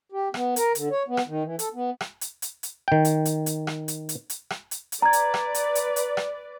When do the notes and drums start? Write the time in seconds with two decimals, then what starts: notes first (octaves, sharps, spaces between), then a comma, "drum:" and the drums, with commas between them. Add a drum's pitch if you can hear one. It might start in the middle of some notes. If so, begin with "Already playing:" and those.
0.12 G4
0.34 B3, drum: rim click
0.56 A#4, drum: hi-hat
0.75 D3, drum: hi-hat
0.91 C#5
1.08 B3
1.17 drum: rim click
1.27 D#3
1.43 E3
1.59 A4, drum: hi-hat
1.74 B3
2.00 drum: rim click
2.21 drum: hi-hat
2.42 drum: hi-hat
2.63 drum: hi-hat
2.88 D#3 G5
3.05 drum: hi-hat
3.25 drum: hi-hat
3.46 drum: hi-hat
3.67 drum: rim click
3.88 drum: hi-hat
4.09 drum: hi-hat
4.30 drum: hi-hat
4.50 drum: rim click
4.71 drum: hi-hat
4.92 drum: hi-hat
5.02 B4 D5 A#5 G#6
5.13 drum: hi-hat
5.34 drum: rim click
5.55 drum: hi-hat
5.75 drum: hi-hat
5.96 drum: hi-hat
6.17 drum: rim click